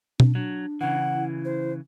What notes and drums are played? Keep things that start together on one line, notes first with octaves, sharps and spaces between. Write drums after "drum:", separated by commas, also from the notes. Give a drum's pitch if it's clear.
D4, drum: tom B2
F#3 D4
C#3 E3 F#5
E4
C5